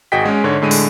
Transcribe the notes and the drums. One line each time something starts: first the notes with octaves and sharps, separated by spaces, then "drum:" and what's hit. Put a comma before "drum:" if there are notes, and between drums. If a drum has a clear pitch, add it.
G#1 F#4 G#4 D#5 G5 B6
G#3 C#4
G#2 D3 C#5
A2 D3 G#3 D#7
drum: open hi-hat